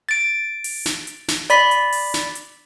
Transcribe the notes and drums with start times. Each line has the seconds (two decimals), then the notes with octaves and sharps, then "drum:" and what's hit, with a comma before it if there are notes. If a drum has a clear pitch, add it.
0.09 A6 D7
0.64 drum: open hi-hat
0.86 drum: snare
1.07 drum: hi-hat
1.28 drum: snare
1.50 D5 B5 B6, drum: hi-hat
1.71 drum: hi-hat
1.92 drum: open hi-hat
2.14 drum: snare
2.35 drum: hi-hat